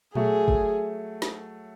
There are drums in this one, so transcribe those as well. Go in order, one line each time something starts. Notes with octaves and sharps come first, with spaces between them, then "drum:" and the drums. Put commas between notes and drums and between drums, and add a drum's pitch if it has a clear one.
F#3 A3 G#4, drum: tom A#2
drum: kick
drum: snare